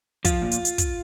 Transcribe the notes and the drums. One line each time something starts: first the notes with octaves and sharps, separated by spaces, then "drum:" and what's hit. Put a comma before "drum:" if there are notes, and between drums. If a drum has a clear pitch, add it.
F3 F4, drum: kick, hi-hat
A#2
drum: hi-hat
drum: hi-hat
drum: kick, hi-hat